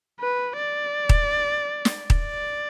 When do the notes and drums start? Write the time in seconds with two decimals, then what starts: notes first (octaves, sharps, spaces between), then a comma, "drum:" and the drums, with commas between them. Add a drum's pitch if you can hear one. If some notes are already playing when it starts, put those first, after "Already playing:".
0.20 B4
0.59 D5
1.09 drum: kick D#1
1.85 drum: snare
2.10 D5, drum: kick D#1